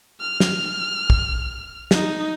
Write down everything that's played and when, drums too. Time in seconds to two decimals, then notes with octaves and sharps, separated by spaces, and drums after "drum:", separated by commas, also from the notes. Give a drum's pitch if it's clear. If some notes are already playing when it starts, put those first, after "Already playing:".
0.21 F6
0.40 drum: snare
1.10 drum: kick
1.91 D#4, drum: snare